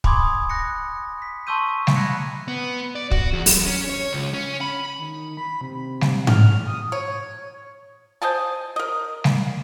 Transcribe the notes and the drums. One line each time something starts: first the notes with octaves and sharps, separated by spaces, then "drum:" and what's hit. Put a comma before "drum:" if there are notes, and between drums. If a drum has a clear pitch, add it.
G#5 B5 C6 D6 D#6 G#6, drum: kick
F#6 A#6 C#7
B6
A5 C6 C#6 E6 G6 D#7
drum: snare G3
A#5 B5 F#6 G#6 A#6 C#7
B3
D5
F#4, drum: kick
E2
F#2, drum: open hi-hat
C#4
C#5
C#2
C#4
B5
D#3
B5
C3
drum: snare G3
F6, drum: tom G#2
D#6
C#5
C5 D#5 G#5 A5
A#4 D#5
drum: snare G3